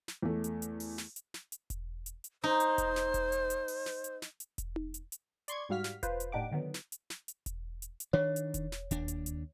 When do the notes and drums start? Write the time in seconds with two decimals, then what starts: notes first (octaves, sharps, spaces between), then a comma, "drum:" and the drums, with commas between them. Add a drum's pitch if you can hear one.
0.08 drum: snare
0.22 E2 A3
0.44 drum: hi-hat
0.62 drum: hi-hat
0.80 drum: open hi-hat
0.98 drum: snare
1.16 drum: hi-hat
1.34 drum: snare
1.52 drum: hi-hat
1.70 drum: kick E1, hi-hat
2.06 drum: hi-hat
2.24 drum: hi-hat
2.44 D#4 C5
2.60 drum: hi-hat
2.78 drum: kick E1, hi-hat
2.96 drum: snare
3.14 drum: kick E1, hi-hat
3.32 drum: hi-hat
3.50 drum: hi-hat
3.68 drum: open hi-hat
3.86 drum: snare
4.04 drum: hi-hat
4.22 drum: snare
4.40 drum: hi-hat
4.58 drum: kick E1, hi-hat
4.76 drum: tom D#4
4.94 drum: hi-hat
5.12 drum: hi-hat
5.48 D5 C6 C#6 G#6, drum: hi-hat
5.69 G#2 G3 F#4 F5 F6 B6
5.84 drum: snare
6.03 F4 B4 C5, drum: kick E1, hi-hat
6.20 drum: hi-hat
6.32 A2 D4 D#4 G4 F#5 D6
6.51 D3 D#3 F#3 B3
6.74 drum: snare
6.92 drum: hi-hat
7.10 drum: snare
7.28 drum: hi-hat
7.46 drum: kick E1, hi-hat
7.82 drum: hi-hat
8.00 drum: hi-hat
8.13 D#3 D4 C#5
8.36 drum: hi-hat
8.54 drum: kick E1, hi-hat
8.72 drum: snare
8.91 D#2 D4, drum: kick E1, hi-hat
9.08 drum: hi-hat
9.26 drum: hi-hat